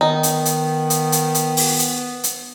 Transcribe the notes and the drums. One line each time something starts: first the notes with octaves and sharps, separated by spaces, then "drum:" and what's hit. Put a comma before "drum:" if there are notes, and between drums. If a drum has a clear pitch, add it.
D#3 B3 D#4
drum: hi-hat
drum: hi-hat
drum: hi-hat
drum: hi-hat
drum: hi-hat
drum: open hi-hat
drum: hi-hat
drum: hi-hat